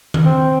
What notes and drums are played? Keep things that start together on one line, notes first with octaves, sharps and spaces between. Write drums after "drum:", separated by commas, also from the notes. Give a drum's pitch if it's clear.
drum: tom D#3
C4